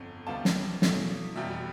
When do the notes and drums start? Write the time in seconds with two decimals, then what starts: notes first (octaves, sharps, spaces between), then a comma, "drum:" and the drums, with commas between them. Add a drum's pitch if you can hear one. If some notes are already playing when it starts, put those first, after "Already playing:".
Already playing: G1 F2
0.27 D2 C3 G3 B3 F5 A5
0.45 drum: snare
0.82 E2 B2 A3 E4, drum: snare
1.36 F1 E2 B2 G3 E5 G5